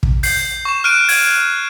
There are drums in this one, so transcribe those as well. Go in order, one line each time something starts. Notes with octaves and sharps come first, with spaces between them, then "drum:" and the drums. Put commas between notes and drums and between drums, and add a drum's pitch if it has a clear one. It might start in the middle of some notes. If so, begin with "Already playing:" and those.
drum: kick
G6 C7, drum: open hi-hat
C#6 E7
F6 F#6 D7 D#7
G#6, drum: open hi-hat